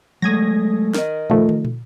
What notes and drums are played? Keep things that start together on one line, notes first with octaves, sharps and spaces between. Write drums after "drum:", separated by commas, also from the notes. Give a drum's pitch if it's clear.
F#3 G#3 A3 D#6 G#6 A#6
A#4 D#5, drum: snare
D#3 F3 A3, drum: tom
drum: tom
drum: tom